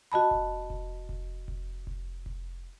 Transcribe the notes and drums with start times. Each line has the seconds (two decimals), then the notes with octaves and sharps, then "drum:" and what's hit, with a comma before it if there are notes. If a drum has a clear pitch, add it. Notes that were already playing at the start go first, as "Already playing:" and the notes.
0.12 F#4 D#5 A5 B5
0.31 drum: kick F1
0.70 drum: kick F1
1.09 drum: kick F1
1.48 drum: kick F1
1.87 drum: kick F1
2.26 drum: kick F1